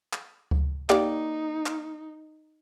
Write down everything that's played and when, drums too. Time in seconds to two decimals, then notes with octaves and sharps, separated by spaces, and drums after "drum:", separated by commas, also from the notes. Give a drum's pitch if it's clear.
0.13 drum: clap
0.51 drum: kick C#2
0.90 A#3 D#4 G4 D5, drum: clap
1.66 drum: clap